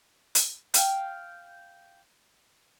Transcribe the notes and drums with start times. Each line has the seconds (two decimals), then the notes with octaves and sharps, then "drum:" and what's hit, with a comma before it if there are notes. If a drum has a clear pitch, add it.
0.35 drum: hi-hat
0.74 F5 G5, drum: hi-hat